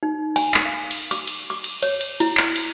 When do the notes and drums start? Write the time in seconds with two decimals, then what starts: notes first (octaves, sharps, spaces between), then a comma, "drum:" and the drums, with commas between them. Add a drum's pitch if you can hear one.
0.03 D#4
0.36 G#5, drum: cymbal
0.54 drum: clap
0.66 F5
0.91 drum: cymbal
1.11 D6, drum: cymbal
1.27 drum: cymbal
1.50 D6
1.64 drum: cymbal
1.83 C#5, drum: cymbal
2.01 drum: cymbal
2.20 E4, drum: cymbal
2.37 drum: clap
2.56 drum: cymbal